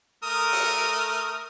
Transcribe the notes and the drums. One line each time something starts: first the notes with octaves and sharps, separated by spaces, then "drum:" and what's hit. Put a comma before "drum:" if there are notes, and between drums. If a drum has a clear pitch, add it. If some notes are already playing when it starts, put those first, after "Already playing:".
A3 A#4 D#6
drum: open hi-hat